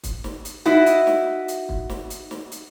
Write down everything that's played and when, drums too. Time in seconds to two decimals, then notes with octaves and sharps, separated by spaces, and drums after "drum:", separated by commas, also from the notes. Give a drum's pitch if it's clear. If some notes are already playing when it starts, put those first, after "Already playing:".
0.03 drum: kick, hi-hat
0.24 drum: snare
0.45 drum: hi-hat
0.65 D#4 E4 F#4, drum: snare
0.86 drum: hi-hat
1.07 drum: snare
1.48 drum: hi-hat
1.69 drum: kick
1.90 drum: snare
2.10 drum: hi-hat
2.31 drum: snare
2.52 drum: hi-hat